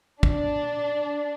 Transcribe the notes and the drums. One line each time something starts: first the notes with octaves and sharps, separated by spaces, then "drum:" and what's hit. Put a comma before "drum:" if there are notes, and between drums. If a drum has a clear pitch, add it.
D4, drum: kick